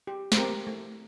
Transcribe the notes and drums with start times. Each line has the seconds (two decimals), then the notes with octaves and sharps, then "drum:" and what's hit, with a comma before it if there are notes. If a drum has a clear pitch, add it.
0.07 G4
0.32 C5, drum: snare
0.37 C4 G4 A#4
0.67 A3